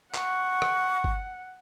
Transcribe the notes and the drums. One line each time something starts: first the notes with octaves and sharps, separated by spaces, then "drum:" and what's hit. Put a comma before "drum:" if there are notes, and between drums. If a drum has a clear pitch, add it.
F#5 C#6, drum: clap
drum: rim click
drum: kick